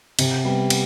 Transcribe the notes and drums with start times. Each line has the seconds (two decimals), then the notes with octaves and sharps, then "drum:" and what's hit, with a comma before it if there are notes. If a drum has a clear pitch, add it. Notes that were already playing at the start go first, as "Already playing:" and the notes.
0.19 C3, drum: cymbal
0.44 G3 B3
0.70 drum: cymbal